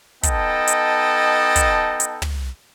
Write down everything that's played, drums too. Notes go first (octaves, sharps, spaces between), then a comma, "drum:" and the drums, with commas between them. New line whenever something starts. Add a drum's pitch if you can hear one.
B3 D#4 A4 D#5 G5 A5, drum: kick, hi-hat
drum: hi-hat
drum: kick, hi-hat
drum: hi-hat
drum: tom